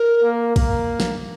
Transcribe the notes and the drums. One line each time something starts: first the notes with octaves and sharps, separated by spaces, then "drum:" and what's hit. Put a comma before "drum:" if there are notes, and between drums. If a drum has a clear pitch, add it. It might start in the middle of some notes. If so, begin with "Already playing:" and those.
Already playing: A#4
A#3
A#3, drum: kick, cymbal
drum: snare